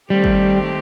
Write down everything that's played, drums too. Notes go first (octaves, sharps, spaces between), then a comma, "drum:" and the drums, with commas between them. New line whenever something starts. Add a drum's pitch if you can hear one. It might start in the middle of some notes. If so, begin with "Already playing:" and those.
D#3 G3 A3 C4 G4
drum: kick